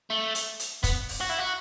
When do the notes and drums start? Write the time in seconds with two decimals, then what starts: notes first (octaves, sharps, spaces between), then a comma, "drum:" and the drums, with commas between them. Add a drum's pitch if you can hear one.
0.10 A3
0.35 drum: hi-hat
0.59 drum: hi-hat
0.84 B3, drum: kick, hi-hat
1.09 drum: open hi-hat
1.21 F#4
1.30 E4
1.39 F#4